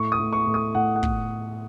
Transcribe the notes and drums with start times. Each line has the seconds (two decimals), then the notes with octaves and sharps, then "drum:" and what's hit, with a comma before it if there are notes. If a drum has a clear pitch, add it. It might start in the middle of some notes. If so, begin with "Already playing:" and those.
Already playing: A2 C#6
0.12 D#6
0.19 A2
0.33 C#6
0.47 A2
0.54 D#6
0.75 A2 F#5
0.96 F#5
1.03 A2, drum: kick